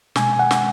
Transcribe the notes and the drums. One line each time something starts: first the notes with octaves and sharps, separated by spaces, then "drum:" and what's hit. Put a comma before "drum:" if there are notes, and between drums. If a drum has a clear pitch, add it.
B2 G#3 G#5, drum: snare
G#5
F#5
drum: snare